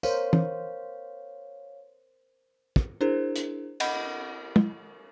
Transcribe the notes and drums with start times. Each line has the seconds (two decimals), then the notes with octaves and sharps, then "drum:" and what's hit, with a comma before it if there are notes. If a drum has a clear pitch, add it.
0.03 A#4 C5 C#5 F5, drum: tambourine
0.33 drum: tom
2.76 drum: kick
3.01 D4 E4 G#4 A#4 C5
3.36 drum: hi-hat
3.80 D#5 F#5 B5 G6, drum: cymbal
4.56 drum: tom